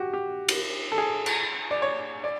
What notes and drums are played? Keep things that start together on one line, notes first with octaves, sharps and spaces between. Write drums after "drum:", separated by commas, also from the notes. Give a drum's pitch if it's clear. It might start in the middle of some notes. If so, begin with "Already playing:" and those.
Already playing: F#4 G4
G4
drum: cymbal
A4
G#4
drum: cymbal
D5
C#5
D5